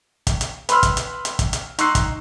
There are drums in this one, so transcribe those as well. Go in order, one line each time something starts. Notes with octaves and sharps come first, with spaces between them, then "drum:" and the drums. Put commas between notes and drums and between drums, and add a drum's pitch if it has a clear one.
drum: kick, hi-hat
drum: hi-hat
B4 B5 C6 E6 F6, drum: hi-hat
drum: kick, hi-hat
drum: hi-hat
drum: hi-hat
drum: kick, hi-hat
drum: hi-hat
D#4 C6 C#6 E6 F#6 C7, drum: hi-hat
drum: kick, hi-hat